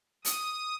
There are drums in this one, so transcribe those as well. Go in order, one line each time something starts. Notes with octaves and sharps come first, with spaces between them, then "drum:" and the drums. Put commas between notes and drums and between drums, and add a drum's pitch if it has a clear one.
D#6, drum: hi-hat